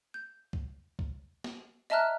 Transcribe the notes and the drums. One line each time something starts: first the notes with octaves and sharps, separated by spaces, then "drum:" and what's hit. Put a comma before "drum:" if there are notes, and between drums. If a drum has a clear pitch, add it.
G6
drum: kick C2
drum: kick C2
drum: snare
D#5 E5 A5 A#5 F6 F#6